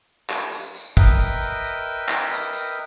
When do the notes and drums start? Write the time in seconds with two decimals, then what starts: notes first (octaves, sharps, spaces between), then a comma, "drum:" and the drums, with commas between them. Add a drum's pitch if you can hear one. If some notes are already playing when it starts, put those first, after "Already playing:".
0.30 drum: clap
0.52 drum: tambourine
0.75 drum: tambourine
0.97 A#4 B4 D#5 E5 G5, drum: kick, tambourine
1.19 drum: tambourine
1.42 drum: tambourine
1.64 drum: tambourine
2.09 drum: clap
2.31 drum: tambourine
2.53 drum: tambourine